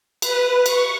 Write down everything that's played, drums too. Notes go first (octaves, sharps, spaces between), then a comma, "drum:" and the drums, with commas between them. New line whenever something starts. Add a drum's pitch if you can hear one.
B4, drum: cymbal
C#6, drum: cymbal